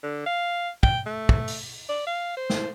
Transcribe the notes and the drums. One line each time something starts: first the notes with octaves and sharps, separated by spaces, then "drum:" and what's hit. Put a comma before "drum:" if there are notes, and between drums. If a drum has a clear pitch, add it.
D3
F5
G5, drum: kick
A3
drum: kick
drum: open hi-hat
D5
F5
C5
drum: snare